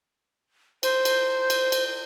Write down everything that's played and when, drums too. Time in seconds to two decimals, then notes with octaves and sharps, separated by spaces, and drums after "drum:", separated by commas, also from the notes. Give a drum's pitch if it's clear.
0.83 C5, drum: cymbal
1.05 drum: cymbal
1.50 drum: cymbal
1.72 drum: cymbal